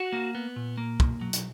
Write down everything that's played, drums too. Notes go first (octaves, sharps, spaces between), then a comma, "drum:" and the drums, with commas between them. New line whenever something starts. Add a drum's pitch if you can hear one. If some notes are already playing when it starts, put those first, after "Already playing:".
Already playing: F#4 F#5
A#3
B3
A#2
A#3
B1, drum: kick
F#3
drum: hi-hat